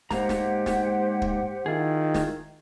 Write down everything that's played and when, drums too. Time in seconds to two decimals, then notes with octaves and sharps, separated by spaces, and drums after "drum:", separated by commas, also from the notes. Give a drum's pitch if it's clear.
0.11 G#2 A#3 G4 C5 F#5 A#5, drum: snare
0.29 drum: snare
0.66 drum: snare
1.22 drum: kick
1.66 D#3 E4 F4 G#4
2.14 drum: snare